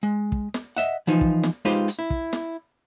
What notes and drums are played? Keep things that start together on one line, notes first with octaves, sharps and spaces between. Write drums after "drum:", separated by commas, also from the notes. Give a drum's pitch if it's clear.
G#3
drum: kick
drum: snare
D#5 E5 F#5
E3 F3 D#4 F4
drum: kick
drum: snare
G#3 D#4 F4 G4 B4 C5
drum: hi-hat
E4
drum: kick
drum: snare